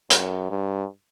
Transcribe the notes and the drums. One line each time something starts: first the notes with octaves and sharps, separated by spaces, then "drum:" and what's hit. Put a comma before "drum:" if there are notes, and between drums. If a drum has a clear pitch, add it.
F#2, drum: hi-hat
G2